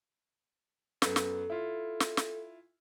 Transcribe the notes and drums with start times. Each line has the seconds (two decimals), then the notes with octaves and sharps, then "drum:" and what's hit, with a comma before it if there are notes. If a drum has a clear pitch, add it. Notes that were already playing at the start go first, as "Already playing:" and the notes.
1.02 F#2 B3 A4, drum: snare
1.16 drum: snare
1.50 E4 F4
2.00 drum: snare
2.17 drum: snare